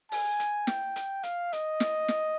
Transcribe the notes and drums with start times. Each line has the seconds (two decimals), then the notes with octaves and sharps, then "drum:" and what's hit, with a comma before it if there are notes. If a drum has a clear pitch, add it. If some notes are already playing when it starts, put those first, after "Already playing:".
0.12 G#5, drum: open hi-hat
0.40 drum: hi-hat
0.67 G5, drum: snare
0.96 drum: hi-hat
1.23 F5, drum: hi-hat
1.53 D#5, drum: hi-hat
1.80 drum: snare
2.08 drum: snare